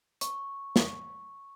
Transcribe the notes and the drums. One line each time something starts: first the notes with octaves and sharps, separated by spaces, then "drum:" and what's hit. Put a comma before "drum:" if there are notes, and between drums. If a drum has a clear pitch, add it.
C#6, drum: hi-hat
drum: snare